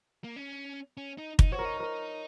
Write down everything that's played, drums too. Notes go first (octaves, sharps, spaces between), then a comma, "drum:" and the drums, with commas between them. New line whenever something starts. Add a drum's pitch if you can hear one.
A#3
C#4
C#4
D#4
D#4, drum: kick
F#4 C#5
A#4
D#4
A#4